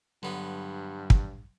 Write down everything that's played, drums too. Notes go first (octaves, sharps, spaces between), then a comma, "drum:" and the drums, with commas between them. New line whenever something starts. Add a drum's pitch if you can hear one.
G2 D3 F#3 B3
drum: kick